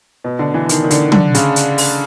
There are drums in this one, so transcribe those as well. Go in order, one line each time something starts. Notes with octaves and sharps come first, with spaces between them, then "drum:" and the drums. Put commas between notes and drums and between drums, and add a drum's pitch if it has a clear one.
B2
D3
E3
D#3, drum: hi-hat
D#3
D3, drum: hi-hat
D3, drum: tom
C#3, drum: hi-hat
drum: hi-hat
drum: open hi-hat